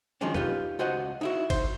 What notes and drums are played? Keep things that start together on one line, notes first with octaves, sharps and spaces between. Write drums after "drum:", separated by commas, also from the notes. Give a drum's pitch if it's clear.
D#3 F3 F#3 G#3 C#4 D4
D#4 F4 G4 B4, drum: tom
C#2 F#4 C5 D#5 F#5
D#4 E4 F#4
C5, drum: kick, cymbal